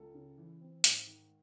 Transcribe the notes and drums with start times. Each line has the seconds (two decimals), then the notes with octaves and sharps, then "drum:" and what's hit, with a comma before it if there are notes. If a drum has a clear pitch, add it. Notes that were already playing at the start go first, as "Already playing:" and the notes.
Already playing: C#2 A4
0.14 C#3
0.38 E3
0.61 C4
0.84 G#2, drum: hi-hat
1.07 D#3